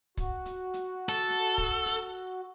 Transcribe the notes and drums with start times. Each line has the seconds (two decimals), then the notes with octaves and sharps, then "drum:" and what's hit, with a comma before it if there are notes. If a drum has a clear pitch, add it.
0.17 F#4, drum: kick, hi-hat
0.46 drum: hi-hat
0.74 drum: hi-hat
1.09 A4
1.30 drum: hi-hat
1.58 drum: kick, hi-hat
1.86 drum: open hi-hat